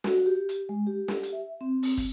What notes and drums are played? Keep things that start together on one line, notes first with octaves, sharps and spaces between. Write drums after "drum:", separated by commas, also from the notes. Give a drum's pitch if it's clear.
F#4, drum: snare
G4
drum: hi-hat
G#3
G4
drum: snare
drum: hi-hat
E5
C4
drum: open hi-hat
drum: kick, hi-hat